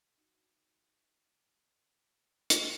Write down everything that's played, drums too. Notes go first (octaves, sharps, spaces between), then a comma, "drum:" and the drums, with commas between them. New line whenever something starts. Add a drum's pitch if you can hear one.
D#4 F#4
drum: hi-hat